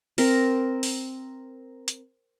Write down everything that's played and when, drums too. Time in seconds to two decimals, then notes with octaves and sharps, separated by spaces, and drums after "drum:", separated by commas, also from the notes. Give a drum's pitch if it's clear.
0.18 C4 A#4, drum: open hi-hat
0.83 drum: open hi-hat
1.88 drum: hi-hat